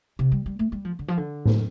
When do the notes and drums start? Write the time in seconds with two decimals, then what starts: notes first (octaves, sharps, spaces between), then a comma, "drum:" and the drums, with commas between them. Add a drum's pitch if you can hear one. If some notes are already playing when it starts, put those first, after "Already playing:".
0.19 C3
0.32 G3
0.46 G3
0.59 A3
0.72 G3
0.85 F3
0.99 D3
1.08 F3
1.17 D3
1.45 drum: tom A2